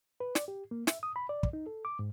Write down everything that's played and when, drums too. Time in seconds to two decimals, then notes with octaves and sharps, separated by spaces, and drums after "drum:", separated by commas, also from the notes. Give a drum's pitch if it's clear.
0.20 B4
0.35 D5, drum: snare
0.48 G4
0.71 A#3
0.87 E5, drum: snare
1.03 D#6
1.16 B5
1.29 D5
1.43 drum: kick
1.53 D#4
1.66 A4
1.85 D6
1.99 G#2